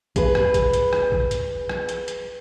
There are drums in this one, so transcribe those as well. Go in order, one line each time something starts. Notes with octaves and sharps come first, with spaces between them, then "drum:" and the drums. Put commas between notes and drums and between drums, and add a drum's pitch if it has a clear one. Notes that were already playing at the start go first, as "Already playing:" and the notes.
G#4 B4, drum: kick, hi-hat
drum: rim click
drum: kick, hi-hat
drum: hi-hat
drum: rim click
drum: kick
drum: hi-hat
drum: rim click
drum: hi-hat
drum: hi-hat